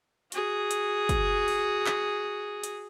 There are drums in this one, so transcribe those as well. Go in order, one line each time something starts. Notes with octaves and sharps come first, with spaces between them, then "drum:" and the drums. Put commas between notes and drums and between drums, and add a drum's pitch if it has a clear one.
F#4 G#4, drum: hi-hat
drum: hi-hat
drum: kick, hi-hat
drum: open hi-hat
drum: clap
drum: hi-hat